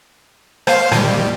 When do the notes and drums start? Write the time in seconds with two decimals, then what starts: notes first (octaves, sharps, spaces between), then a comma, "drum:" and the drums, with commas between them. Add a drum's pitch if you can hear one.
0.67 C5 F5, drum: rim click
0.92 A#2 D#3 G3, drum: rim click